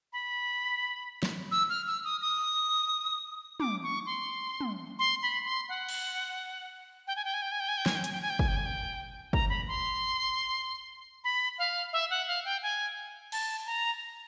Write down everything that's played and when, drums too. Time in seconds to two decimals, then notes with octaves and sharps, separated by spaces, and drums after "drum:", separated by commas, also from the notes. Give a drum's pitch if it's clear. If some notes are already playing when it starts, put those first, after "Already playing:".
0.13 B5
1.23 drum: snare
1.51 E6
1.70 F6
1.87 E6
2.04 D#6
2.22 D#6
3.60 D6, drum: tom
3.83 C#6
4.06 C6
4.61 drum: tom
4.99 C6
5.23 B5
5.45 C6
5.69 F#5
5.89 drum: cymbal
7.07 G5
7.16 G#5
7.25 G5
7.34 G#5
7.42 G5
7.52 G#5
7.60 G5
7.68 G#5
7.77 G5
7.86 G#5, drum: snare
7.96 G5
8.04 G#5, drum: hi-hat
8.12 G5
8.22 G#5
8.30 G5
8.39 G#5, drum: kick
8.48 G5
8.56 G#5
8.66 G5
9.33 A#5, drum: kick
9.49 B5
9.68 C6
11.24 B5
11.58 F5
11.93 E5
12.10 F#5
12.28 F5
12.45 G5
12.63 G#5
13.32 A5, drum: cymbal
13.66 A#5